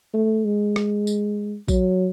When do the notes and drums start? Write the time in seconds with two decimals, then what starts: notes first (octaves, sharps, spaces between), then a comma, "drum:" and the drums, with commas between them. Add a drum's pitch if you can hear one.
0.14 A3
0.45 G#3
0.76 drum: rim click
1.07 drum: tambourine
1.68 F#3, drum: kick A#1, tambourine